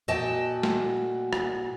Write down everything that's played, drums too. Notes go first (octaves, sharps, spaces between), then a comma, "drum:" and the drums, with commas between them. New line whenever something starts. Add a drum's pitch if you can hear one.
A#2 F#4 D#5 G5 A5
drum: snare
drum: rim click